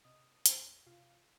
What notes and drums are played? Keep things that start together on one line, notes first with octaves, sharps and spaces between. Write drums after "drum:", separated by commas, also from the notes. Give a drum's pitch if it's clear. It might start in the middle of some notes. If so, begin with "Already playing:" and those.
C3 D#5 D#6
F2 C5 C6, drum: hi-hat
C3 F4 F5